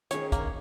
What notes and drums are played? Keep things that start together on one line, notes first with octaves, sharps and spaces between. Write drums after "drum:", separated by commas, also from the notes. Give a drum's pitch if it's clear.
D#3 C#4 G#4 C#5, drum: hi-hat
A#3, drum: kick, hi-hat